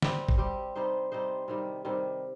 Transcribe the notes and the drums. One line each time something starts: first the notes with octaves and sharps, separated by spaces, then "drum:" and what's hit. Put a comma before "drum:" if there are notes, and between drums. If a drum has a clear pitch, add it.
G3 C4 G4, drum: snare
drum: kick
G3 C4 G4
C3 G3 D#4 C5
C3 G3 D#4 C5
C3 D#3 G3
C3 D#3 G3